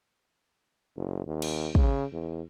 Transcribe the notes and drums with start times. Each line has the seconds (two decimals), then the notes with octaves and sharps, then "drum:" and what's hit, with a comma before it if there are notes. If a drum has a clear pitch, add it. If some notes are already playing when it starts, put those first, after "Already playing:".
0.97 F#1
1.27 D#2
1.42 drum: cymbal
1.75 C#3, drum: kick
2.13 E2